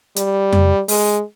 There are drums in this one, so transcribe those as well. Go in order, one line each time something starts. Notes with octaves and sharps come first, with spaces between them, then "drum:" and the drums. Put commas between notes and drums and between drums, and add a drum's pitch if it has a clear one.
G3, drum: hi-hat
drum: tom F2
G#3, drum: open hi-hat